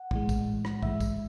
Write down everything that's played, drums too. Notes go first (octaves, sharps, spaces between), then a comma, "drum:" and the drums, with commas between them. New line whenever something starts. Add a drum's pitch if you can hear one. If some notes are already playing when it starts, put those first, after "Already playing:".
Already playing: F#5
A2 E3 G#3, drum: kick
drum: kick, tambourine
drum: rim click
G#2 E3 G#3 E5, drum: kick
drum: kick, tambourine